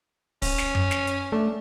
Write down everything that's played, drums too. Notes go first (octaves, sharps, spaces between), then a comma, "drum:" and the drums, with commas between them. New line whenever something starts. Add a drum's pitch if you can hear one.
C#4, drum: kick, open hi-hat
drum: snare
drum: tom F#2
drum: snare
drum: hi-hat
A3 D4